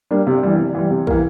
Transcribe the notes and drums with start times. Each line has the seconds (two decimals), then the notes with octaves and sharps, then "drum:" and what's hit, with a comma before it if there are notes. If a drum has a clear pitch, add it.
0.11 G3 A#3 D4
0.27 C3
0.43 E3 G3
0.58 C3
0.75 E3 G3
0.90 C3
1.07 E3 A#3, drum: kick